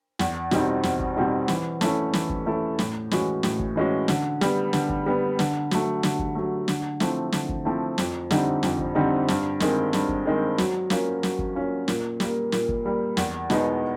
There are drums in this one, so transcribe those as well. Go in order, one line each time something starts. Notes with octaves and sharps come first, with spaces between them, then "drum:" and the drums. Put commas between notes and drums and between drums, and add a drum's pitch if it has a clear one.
E2, drum: snare
B2 G3 C4 D#4, drum: snare
E2, drum: snare
drum: kick
B2 G3 C4 D#4
E3, drum: snare
A3 C#4 E4 A4, drum: snare
E3, drum: snare
drum: kick
A3 C#4 E4 A4
A2, drum: snare
E3 G#3 C#4 F#4, drum: snare
A2, drum: snare
drum: kick
E3 G#3 C#4 F#4
D3, drum: snare
G3 B3, drum: snare
D3, drum: snare
drum: kick
G3 B3
D3, drum: snare
F#3 A3, drum: snare
D3, drum: snare
drum: kick
F#3 A3
D3, drum: snare
F3 A3 C4 E4, drum: snare
D3, drum: snare
drum: kick
F3 A3 C4 E4
F2, drum: snare
D3 G3 C4 D#4, drum: snare
F2, drum: snare
drum: kick
D3 G3 C4 D#4
G2, drum: snare
D#3 G#3 C4, drum: snare
G2, drum: snare
drum: kick
D#3 G#3 C4
F#3, drum: snare
A#3 C#4 F4, drum: snare
F#3, drum: snare
drum: kick
A#3 C#4 F4
A#2, drum: snare
G3 A#3, drum: snare
A#2, drum: snare
drum: kick
G3 A#3
E2, drum: snare
B2 G#3 B3 D#4, drum: snare